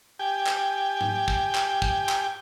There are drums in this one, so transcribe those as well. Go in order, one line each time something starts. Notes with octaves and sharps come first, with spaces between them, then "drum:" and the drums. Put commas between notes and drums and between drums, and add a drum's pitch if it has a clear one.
G4 G5 G#5
drum: clap
drum: tom G#2
drum: kick
drum: clap
drum: kick
drum: clap